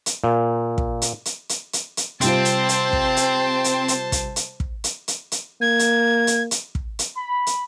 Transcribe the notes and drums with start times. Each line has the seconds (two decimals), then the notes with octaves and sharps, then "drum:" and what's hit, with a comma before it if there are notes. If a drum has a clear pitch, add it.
0.06 drum: hi-hat
0.24 A#2
0.78 drum: kick
1.02 drum: hi-hat
1.25 drum: hi-hat
1.49 drum: hi-hat
1.73 drum: hi-hat
1.97 drum: hi-hat
2.21 C3 G3 C4 F4 C5 A5, drum: hi-hat
2.45 drum: hi-hat
2.69 drum: hi-hat
2.93 drum: kick
3.17 drum: hi-hat
3.64 drum: hi-hat
3.88 drum: hi-hat
4.12 drum: kick, hi-hat
4.36 drum: hi-hat
4.60 drum: kick
4.84 drum: hi-hat
5.08 drum: hi-hat
5.32 drum: hi-hat
5.61 A#3 G#6
5.79 drum: hi-hat
6.27 drum: hi-hat
6.51 drum: hi-hat
6.75 drum: kick
6.99 drum: hi-hat
7.17 B5
7.47 drum: hi-hat